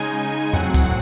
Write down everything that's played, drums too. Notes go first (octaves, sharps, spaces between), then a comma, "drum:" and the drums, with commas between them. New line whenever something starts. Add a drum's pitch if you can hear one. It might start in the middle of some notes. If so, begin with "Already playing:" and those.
Already playing: C#3 G#3 D#4 G#5
G#5
G#5
A2 F#3 C4 F#5, drum: tom E2
drum: kick C#2, tambourine
F#5